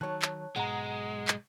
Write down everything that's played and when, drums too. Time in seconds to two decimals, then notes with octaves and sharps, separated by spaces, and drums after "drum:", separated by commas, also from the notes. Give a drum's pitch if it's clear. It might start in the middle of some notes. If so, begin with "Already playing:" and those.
0.01 D#3 F#3 C#5 A5 F#6
0.22 drum: clap
0.56 B1 G#2 G#3 F#5 A#5
1.28 drum: clap